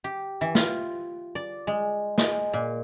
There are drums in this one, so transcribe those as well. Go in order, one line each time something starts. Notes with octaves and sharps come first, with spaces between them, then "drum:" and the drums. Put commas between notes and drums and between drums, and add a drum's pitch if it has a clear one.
G4
E3
F4, drum: snare
D5
G#3
G#3, drum: snare
A#2